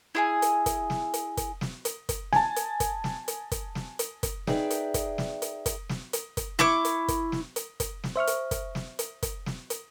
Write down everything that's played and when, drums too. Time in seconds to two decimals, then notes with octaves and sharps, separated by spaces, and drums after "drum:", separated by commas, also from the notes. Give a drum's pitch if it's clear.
0.15 E4 G#4 G#5
0.42 drum: hi-hat
0.66 drum: kick, hi-hat
0.90 drum: snare
1.14 drum: hi-hat
1.37 drum: kick, hi-hat
1.61 drum: snare
1.85 drum: hi-hat
2.09 drum: kick, hi-hat
2.33 G#5 A5, drum: snare
2.56 drum: hi-hat
2.80 drum: kick, hi-hat
3.04 drum: snare
3.28 drum: hi-hat
3.51 drum: kick, hi-hat
3.75 drum: snare
3.99 drum: hi-hat
4.23 drum: kick, hi-hat
4.47 D#4 G#4 B4 D5 E5 G5, drum: snare
4.70 drum: hi-hat
4.94 drum: kick, hi-hat
5.18 drum: snare
5.42 drum: hi-hat
5.66 drum: kick, hi-hat
5.89 drum: snare
6.13 drum: hi-hat
6.37 drum: kick, hi-hat
6.59 E4 C#6 D6, drum: snare
6.85 drum: hi-hat
7.08 drum: kick, hi-hat
7.32 drum: snare
7.56 drum: hi-hat
7.80 drum: kick, hi-hat
8.04 drum: snare
8.16 C5 E5 C#6 F6
8.27 drum: hi-hat
8.51 drum: kick, hi-hat
8.75 drum: snare
8.99 drum: hi-hat
9.23 drum: kick, hi-hat
9.46 drum: snare
9.70 drum: hi-hat